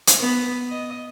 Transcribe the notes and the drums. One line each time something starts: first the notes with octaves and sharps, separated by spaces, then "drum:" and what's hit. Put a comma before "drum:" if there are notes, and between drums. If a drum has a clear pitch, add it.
drum: hi-hat
B3
D#5